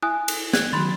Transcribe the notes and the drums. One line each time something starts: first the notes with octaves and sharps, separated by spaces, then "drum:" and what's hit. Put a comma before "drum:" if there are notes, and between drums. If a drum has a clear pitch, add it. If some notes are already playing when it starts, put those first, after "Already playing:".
E4 G#5 D#6 F#6
drum: cymbal
F#6 G#6, drum: snare
D#3 F#3 B5 C6 A6